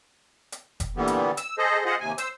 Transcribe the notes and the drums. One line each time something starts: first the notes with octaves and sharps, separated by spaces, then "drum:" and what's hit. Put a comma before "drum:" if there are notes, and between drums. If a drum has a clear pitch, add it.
drum: hi-hat
drum: kick F1, hi-hat
A#2 D3 E3 G3 B3
drum: hi-hat
E6, drum: hi-hat
G#4 A4 C5 D#5
F4 G#4 C5 D#5 F#5
D#2 C3 G#5
C5 E6, drum: hi-hat